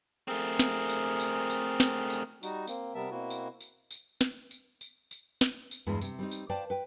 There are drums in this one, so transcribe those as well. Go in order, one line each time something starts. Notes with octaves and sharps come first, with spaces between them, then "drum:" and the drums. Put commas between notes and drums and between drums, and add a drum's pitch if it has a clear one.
A3 C4 G#4 A#4
drum: snare
drum: tambourine
drum: tambourine
drum: tambourine
drum: snare
drum: tambourine
G3 D#4 F#4, drum: tambourine
A#3 C4, drum: tambourine
C3 G3 B3 A#4 E5 A5
B2 A#3 C4 E4 F#4
drum: tambourine
drum: tambourine
drum: tambourine
drum: snare
drum: tambourine
drum: tambourine
drum: tambourine
drum: snare
drum: tambourine
E2 G2 E3 G#3 B3
C3, drum: tambourine
G3 C4 D#4
drum: tambourine
B4 C5 D5 F5 G5 A5
B4 G5